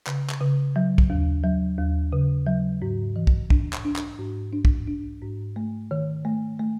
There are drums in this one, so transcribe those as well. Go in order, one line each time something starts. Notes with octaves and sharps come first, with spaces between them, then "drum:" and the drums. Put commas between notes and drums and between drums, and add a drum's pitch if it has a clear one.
C#3, drum: clap
drum: clap
C#3
F#3
drum: kick
D#2
F#3
D#2
C#3
F#3
G#2
E3
drum: kick
D4, drum: kick
drum: clap
D4
drum: clap
G#2
D4
drum: kick
D4
G#2
A3
D#3
A3
A3